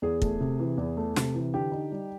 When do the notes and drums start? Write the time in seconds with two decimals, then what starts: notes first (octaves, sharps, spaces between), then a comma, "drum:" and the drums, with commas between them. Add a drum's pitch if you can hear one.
0.02 E2 G#4
0.22 A3, drum: kick
0.40 C3
0.60 E3
0.78 E2
0.97 A3
1.16 C3, drum: snare
1.35 E3
1.54 D3 G4
1.72 D#4
1.92 G3